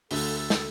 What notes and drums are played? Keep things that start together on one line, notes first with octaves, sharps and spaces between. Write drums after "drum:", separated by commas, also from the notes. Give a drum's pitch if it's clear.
D2 D3 A3 A4, drum: open hi-hat
A4
drum: snare